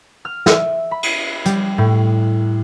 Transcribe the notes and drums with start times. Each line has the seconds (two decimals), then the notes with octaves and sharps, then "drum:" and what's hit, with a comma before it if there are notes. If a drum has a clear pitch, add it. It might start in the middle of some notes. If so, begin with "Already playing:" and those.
0.25 F6
0.46 E5, drum: snare
0.91 B5
1.03 drum: cymbal
1.45 G3, drum: hi-hat
1.78 A2